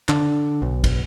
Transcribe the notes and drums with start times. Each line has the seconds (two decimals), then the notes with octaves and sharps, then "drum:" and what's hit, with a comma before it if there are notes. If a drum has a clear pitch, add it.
0.09 D3, drum: clap
0.62 B1
0.84 drum: kick, cymbal